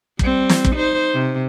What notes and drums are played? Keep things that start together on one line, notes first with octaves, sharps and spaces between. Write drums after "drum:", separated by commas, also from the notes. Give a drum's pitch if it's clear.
G3 C4, drum: kick
drum: snare
drum: kick
D#4 C5
C3